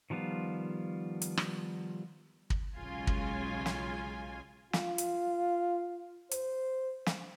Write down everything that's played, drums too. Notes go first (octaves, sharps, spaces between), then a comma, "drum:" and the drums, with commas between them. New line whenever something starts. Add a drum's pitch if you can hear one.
D#3 F3 G3 B3 F4
drum: hi-hat
drum: rim click
drum: kick
B1 C#3 G#3 F4 G#5
drum: kick
drum: snare
F4, drum: snare
drum: hi-hat
C5, drum: hi-hat
drum: snare